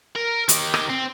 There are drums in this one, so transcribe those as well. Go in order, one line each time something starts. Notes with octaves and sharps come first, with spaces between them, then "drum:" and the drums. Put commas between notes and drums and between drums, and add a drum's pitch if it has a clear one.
A#4
D#3 G4, drum: hi-hat
drum: rim click
C4